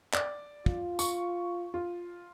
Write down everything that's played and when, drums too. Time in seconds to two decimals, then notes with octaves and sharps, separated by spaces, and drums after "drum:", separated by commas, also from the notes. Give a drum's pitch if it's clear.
0.13 D5, drum: clap
0.66 F4, drum: kick
0.99 C#6, drum: tambourine
1.74 F4